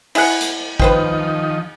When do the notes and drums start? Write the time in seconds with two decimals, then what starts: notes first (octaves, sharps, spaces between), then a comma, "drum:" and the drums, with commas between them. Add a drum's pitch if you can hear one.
0.15 E4 G#4 F#5, drum: cymbal
0.41 drum: hi-hat
0.80 D#3 F3 D#4 B4 C5 G5, drum: kick